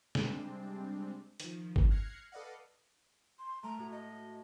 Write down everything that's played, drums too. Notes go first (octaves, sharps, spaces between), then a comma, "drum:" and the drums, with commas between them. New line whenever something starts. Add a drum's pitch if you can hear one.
C3 G3 G#3 C4 D4, drum: snare
D#3 F3, drum: hi-hat
drum: kick G#1
F6 F#6 G#6 A#6 C7 C#7
A4 B4 D5 D#5 F5 F#5
C6
A3 A#5
A2 F#4
D#5